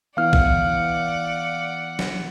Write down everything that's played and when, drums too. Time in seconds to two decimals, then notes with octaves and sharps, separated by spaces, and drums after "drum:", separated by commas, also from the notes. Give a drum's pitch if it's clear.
0.17 E3 B3 E4 D5 F5 F#5 F6
0.33 drum: kick A#1
1.99 drum: snare